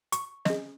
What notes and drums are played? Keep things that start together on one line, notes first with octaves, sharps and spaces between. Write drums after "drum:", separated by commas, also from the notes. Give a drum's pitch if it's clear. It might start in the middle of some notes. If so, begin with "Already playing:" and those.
C#6, drum: hi-hat
C#4 G#4 D#5, drum: snare